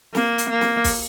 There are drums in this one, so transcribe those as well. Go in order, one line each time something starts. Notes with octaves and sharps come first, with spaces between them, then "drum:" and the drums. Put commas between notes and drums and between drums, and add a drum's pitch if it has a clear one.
A#3, drum: snare
drum: hi-hat
A#3
drum: snare
drum: kick, open hi-hat